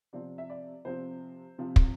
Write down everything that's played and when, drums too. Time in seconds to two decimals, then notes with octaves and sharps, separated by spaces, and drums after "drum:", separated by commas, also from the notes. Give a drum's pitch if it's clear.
0.13 C3 F3 C4 D5
0.38 E5
0.50 D5
0.85 C3 F3 C4 C5
1.58 C3 F3 C4
1.76 drum: kick